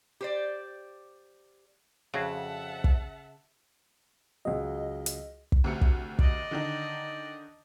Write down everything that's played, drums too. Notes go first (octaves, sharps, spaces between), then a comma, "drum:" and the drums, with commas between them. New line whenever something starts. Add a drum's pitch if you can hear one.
G4 C5 D5
F2 C#3 F#4 G#4 E5 F#5 A5
drum: kick
C#2 F#3 D#5
drum: hi-hat
drum: kick
D2 C3 C#7
drum: kick
D5 D#5, drum: kick
D3 D#3 D#4